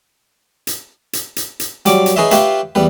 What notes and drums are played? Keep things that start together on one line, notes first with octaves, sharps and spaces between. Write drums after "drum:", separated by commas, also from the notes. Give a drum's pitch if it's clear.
drum: hi-hat
drum: hi-hat
drum: hi-hat
drum: hi-hat
F#3 G3 D6, drum: hi-hat
drum: hi-hat
D#4 G#4 B4 C#5 D#5 E5
F4 G4 B4 C#5 E5, drum: hi-hat
E2 G3 B4